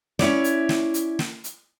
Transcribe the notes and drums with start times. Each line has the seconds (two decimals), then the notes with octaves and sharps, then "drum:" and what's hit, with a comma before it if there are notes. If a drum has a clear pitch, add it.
0.19 C#4 E4 C#5 D5, drum: snare
0.44 drum: hi-hat
0.69 drum: snare
0.94 drum: hi-hat
1.19 drum: snare
1.44 drum: hi-hat